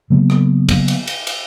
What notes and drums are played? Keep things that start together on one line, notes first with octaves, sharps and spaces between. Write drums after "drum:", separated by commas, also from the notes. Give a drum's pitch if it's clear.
C#3 F#3 A#3 B3
drum: rim click
drum: kick, cymbal
drum: cymbal
drum: cymbal
drum: cymbal